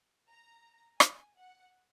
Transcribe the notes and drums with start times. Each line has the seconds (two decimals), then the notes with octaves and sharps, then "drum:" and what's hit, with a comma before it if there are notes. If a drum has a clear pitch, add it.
0.29 A#5
1.00 G#5, drum: rim click
1.37 F#5